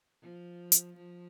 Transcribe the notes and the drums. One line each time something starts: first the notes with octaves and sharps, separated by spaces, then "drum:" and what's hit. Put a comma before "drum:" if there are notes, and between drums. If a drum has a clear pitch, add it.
F3
drum: hi-hat
F3